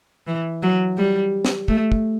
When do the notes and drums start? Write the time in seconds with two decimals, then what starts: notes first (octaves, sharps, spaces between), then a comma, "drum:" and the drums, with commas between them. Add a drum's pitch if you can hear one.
0.27 E3
0.63 F#3
0.98 G3
1.45 drum: snare
1.68 A3, drum: kick
1.92 drum: kick